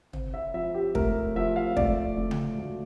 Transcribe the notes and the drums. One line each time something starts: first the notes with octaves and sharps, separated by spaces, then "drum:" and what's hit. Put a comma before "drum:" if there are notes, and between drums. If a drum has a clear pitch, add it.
C4, drum: tom
E5
F3 E5
G4
A3 A#4, drum: kick
F3 E5
F5
A3 D5, drum: kick
A3
drum: tom C#3
D2